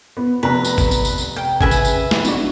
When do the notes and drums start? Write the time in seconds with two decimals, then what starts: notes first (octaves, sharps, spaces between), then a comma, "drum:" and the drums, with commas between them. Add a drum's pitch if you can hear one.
0.17 B3
0.43 F1 B3 B4 A#5
0.65 drum: tambourine
0.78 drum: kick G1, tambourine
0.91 drum: tambourine
1.05 drum: tambourine
1.18 drum: tambourine
1.36 G5
1.61 C#3 B4 E5 G#5, drum: kick G1
1.71 drum: tambourine
1.85 drum: tambourine
2.11 drum: snare
2.25 D4 D#4 F#4, drum: tambourine